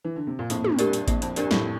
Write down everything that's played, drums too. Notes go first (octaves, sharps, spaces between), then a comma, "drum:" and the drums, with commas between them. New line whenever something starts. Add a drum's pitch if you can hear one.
E3
D3
C3
A#2
F2 A2 A#3, drum: hi-hat
drum: tom
G2 D4 G4 A#4 D5, drum: hi-hat
drum: hi-hat
F2 A#3, drum: kick A1, hi-hat
F2, drum: hi-hat
G2 D4 G4 A#4 D5, drum: hi-hat
F2 A2, drum: snare